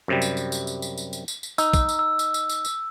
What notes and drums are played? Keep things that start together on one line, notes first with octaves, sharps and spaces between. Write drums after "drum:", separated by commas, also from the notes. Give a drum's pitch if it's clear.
F#2 C3 G3
drum: tambourine
drum: tambourine
drum: tambourine
drum: tambourine
drum: tambourine
drum: tambourine
drum: tambourine
drum: tambourine
drum: tambourine
D#4 E6, drum: tambourine
drum: kick, tambourine
drum: tambourine
E6
drum: tambourine
drum: tambourine
drum: tambourine
drum: tambourine